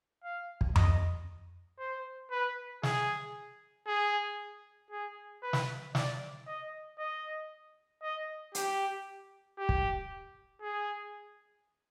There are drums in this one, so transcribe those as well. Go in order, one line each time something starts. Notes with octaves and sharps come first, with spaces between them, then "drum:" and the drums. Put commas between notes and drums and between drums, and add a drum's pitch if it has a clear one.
F5
drum: kick
D#5, drum: tom F2
C5
B4
G#4, drum: snare
G#4
G#4
B4
drum: snare
D5, drum: snare
D#5
D#5
D#5
G4, drum: hi-hat
G4
drum: kick
G#4